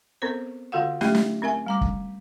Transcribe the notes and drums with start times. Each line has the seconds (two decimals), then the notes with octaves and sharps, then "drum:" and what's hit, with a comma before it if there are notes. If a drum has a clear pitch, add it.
0.22 B3 C4 A4 A#4 C5
0.72 D3 F4 F#4 A4 F5 F#5
1.01 F#3 A3 C#4 E4 G4, drum: snare
1.14 drum: snare
1.42 C4 A#4 E5 G#5
1.66 G3 A#5 D6
1.81 drum: kick